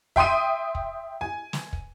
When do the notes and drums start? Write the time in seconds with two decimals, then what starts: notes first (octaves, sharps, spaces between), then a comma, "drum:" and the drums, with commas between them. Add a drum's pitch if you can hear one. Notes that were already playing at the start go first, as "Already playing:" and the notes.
0.16 E5 G5 C6 D#6 D#7, drum: kick
0.75 drum: kick
1.21 G#5
1.53 drum: snare
1.73 drum: kick